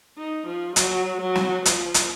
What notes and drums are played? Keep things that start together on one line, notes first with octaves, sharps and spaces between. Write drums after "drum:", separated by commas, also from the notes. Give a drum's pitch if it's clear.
D#4
F3
F#3, drum: hi-hat
F#3
drum: snare
F3, drum: hi-hat
drum: hi-hat